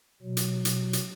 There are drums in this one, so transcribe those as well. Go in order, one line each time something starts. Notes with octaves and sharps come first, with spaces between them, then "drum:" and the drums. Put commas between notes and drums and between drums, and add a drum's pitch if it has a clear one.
B2 F#3
drum: hi-hat
drum: hi-hat
drum: hi-hat